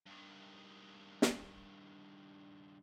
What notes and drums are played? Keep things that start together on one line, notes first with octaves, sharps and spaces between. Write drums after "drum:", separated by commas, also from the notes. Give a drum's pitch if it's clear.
G2 D#3
drum: snare